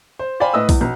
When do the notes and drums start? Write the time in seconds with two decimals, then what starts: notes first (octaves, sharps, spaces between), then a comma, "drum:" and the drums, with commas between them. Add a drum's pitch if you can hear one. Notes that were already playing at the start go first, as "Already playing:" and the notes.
0.19 C5
0.40 C5 D5 F5 G5 G#5 B5
0.54 A2 B4 D#5 D#6 E6
0.69 E2, drum: kick B1, open hi-hat
0.81 B1